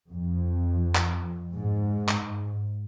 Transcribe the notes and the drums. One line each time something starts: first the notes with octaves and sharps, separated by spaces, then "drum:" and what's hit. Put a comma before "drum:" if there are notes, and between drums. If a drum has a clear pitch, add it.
F2
drum: clap
G#2
drum: clap